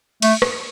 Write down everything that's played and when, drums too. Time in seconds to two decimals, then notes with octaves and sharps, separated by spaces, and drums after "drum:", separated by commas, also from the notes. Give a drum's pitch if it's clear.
0.22 A3, drum: cymbal
0.42 drum: rim click